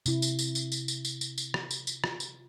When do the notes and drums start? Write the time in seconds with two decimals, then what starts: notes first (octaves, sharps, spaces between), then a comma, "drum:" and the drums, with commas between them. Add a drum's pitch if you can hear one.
0.06 C3 E4, drum: tambourine
0.22 drum: tambourine
0.39 drum: tambourine
0.55 drum: tambourine
0.72 drum: tambourine
0.88 drum: tambourine
1.05 drum: tambourine
1.21 drum: tambourine
1.38 drum: tambourine
1.54 drum: rim click
1.71 drum: tambourine
1.87 drum: tambourine
2.04 drum: rim click
2.20 drum: tambourine